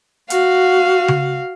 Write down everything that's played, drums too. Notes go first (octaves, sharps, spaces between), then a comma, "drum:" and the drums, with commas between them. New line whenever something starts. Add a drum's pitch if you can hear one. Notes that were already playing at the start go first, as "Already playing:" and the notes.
F#4 F5, drum: hi-hat
drum: tom C#3